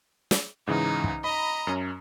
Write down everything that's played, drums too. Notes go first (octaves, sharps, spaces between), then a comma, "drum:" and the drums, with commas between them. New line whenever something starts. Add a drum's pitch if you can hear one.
drum: snare
G#2 C#3 E3 D#4
drum: kick
D#5 A#5 B5
F#2 C#4